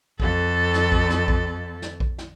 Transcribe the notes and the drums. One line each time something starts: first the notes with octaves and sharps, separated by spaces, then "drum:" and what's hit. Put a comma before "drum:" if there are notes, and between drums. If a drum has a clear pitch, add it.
F2 A4, drum: kick A#1
drum: snare
drum: kick A#1
drum: snare
drum: kick A#1
drum: snare
drum: kick A#1
drum: snare